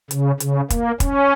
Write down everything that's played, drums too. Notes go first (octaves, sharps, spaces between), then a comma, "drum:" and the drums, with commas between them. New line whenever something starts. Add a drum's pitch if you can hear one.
C#3, drum: hi-hat
C#3, drum: hi-hat
A#3, drum: kick, hi-hat
C#4, drum: kick, hi-hat